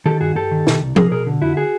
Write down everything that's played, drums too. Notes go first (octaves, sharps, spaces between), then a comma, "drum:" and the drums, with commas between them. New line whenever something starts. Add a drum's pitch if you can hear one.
D#3 G4 A4
G2 F#4 G#4
G2 G4 A4
D#3
B2, drum: snare
C2
C2 G#4 A#4, drum: tom F3
B2 G#4 A#4
D3
F2 E4 F#4
F#4 G#4